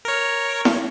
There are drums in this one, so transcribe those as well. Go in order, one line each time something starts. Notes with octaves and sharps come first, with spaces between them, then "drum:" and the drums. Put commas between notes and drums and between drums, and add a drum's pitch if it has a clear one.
A#4 C#5
drum: snare E4